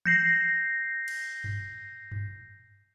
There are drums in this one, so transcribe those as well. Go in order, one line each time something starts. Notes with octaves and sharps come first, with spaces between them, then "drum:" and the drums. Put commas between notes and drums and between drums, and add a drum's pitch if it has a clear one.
G6 A#6 C7, drum: tom E3
drum: cymbal
drum: tom G2
drum: tom G2